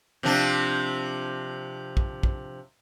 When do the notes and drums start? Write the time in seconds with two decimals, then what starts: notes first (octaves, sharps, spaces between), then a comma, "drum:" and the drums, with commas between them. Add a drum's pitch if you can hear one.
0.23 C3 F3 D4
1.97 drum: kick
2.23 drum: kick